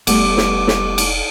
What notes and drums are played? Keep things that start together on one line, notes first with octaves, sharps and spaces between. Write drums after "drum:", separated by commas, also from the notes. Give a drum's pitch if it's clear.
F1 G3 A3 B3 D6, drum: cymbal
drum: snare
drum: snare
drum: cymbal